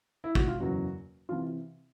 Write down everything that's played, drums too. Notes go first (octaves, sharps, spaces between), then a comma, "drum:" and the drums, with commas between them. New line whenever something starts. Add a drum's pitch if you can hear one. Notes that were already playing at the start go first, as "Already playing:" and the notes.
E4
F#4, drum: kick
F4
F#1 E2 C#3 F#3 F#4
C3 E3 F4